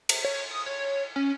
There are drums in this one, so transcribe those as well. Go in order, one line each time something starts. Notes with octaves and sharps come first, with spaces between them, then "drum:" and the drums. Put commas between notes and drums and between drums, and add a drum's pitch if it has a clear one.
drum: cymbal
C#5
D#6
C#5
C#4